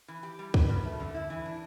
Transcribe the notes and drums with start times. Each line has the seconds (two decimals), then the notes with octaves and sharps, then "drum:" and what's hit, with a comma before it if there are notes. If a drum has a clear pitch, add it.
0.08 E3
0.23 G4
0.39 G3
0.54 B4, drum: kick
0.69 G2
0.84 A3
1.00 D3
1.14 E4
1.30 E3
1.46 D4